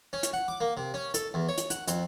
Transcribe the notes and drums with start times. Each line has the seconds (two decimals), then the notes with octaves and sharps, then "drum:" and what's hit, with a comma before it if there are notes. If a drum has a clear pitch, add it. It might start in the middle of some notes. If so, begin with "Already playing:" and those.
0.13 C#4
0.23 drum: hi-hat
0.33 F#5
0.48 D6
0.61 A#3
0.77 C3
0.94 C#4
1.14 A4, drum: hi-hat
1.34 E2
1.49 C#5
1.58 drum: hi-hat
1.70 F#5, drum: hi-hat
1.88 F2, drum: hi-hat